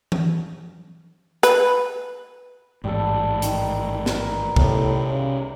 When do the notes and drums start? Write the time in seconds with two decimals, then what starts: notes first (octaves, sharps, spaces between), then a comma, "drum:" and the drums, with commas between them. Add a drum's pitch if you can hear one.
0.12 drum: tom E3
1.43 B4, drum: hi-hat
2.84 A1 G#2 G3 A4
3.42 D#3, drum: hi-hat
4.06 A#4 B4, drum: snare
4.56 A2 C3 B3, drum: kick C2
5.11 C#3